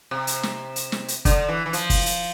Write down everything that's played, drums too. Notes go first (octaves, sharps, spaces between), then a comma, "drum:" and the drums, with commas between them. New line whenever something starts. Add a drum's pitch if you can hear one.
C3
drum: hi-hat
drum: snare
drum: hi-hat
drum: snare
drum: hi-hat
D3, drum: kick, hi-hat
E3
E3
F3, drum: hi-hat
drum: kick, open hi-hat
drum: hi-hat